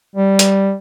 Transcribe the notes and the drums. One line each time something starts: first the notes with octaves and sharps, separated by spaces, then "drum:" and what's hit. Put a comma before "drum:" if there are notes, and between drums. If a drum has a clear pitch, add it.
G3
drum: hi-hat